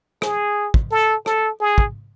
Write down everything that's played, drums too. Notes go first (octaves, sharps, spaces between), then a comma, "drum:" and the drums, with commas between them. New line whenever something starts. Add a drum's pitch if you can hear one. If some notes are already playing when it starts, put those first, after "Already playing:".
G#4, drum: rim click
drum: kick
A4
A4, drum: rim click
G#4
drum: kick